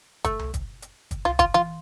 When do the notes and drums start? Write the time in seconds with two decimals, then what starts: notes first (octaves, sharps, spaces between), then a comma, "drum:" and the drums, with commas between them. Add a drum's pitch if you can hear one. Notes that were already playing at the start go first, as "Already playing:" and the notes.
0.25 A3, drum: kick, hi-hat
0.39 drum: tom C2
0.54 drum: kick, hi-hat
0.82 drum: hi-hat
1.11 drum: kick, hi-hat
1.25 F4, drum: tom C2
1.39 F4, drum: kick, hi-hat
1.54 F4, drum: tom E3